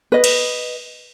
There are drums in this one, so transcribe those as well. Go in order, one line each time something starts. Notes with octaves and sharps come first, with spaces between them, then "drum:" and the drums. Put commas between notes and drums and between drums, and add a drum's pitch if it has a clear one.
B4 D#5
drum: cymbal